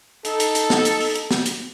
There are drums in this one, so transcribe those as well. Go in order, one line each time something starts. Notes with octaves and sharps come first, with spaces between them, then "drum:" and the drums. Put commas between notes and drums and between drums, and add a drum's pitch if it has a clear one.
D#4 A4, drum: hi-hat
drum: hi-hat
drum: hi-hat
drum: snare
drum: hi-hat
drum: open hi-hat
drum: hi-hat
drum: snare
drum: hi-hat